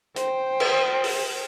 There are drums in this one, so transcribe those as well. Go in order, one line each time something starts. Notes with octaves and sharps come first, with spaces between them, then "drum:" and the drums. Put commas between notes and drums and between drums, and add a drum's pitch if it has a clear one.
C5 G5, drum: hi-hat
drum: cymbal
drum: open hi-hat